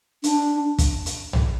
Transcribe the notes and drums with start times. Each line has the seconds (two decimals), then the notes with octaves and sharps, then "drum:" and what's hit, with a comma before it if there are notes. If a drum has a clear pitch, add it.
0.24 D4, drum: hi-hat
0.78 drum: kick, hi-hat
1.06 drum: hi-hat
1.33 drum: tom A#1